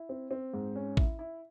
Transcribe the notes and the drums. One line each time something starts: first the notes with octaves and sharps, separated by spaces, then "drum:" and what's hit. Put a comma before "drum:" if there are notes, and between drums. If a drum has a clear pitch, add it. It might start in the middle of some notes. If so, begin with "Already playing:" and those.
Already playing: E4
C4
C4
G#2
C#4
E4, drum: kick A1
E4